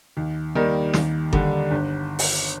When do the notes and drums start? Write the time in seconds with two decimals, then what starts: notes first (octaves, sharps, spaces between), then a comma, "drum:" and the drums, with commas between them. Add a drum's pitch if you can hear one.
0.17 D#2
0.55 D#3 G3 A#3
0.93 D#2, drum: snare
1.33 D3 G3, drum: kick G1
1.71 G1
2.19 drum: open hi-hat